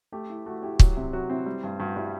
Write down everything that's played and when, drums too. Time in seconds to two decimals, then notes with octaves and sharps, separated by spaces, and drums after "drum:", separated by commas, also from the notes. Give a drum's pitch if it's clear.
0.12 A3 G4
0.30 E4
0.46 A3 F#4
0.62 E4 G4
0.79 F#3, drum: kick
0.97 C3
1.13 F#3 F#4
1.29 C4 E4
1.46 G3
1.63 G2
1.80 G2 F#4
1.96 G3 E4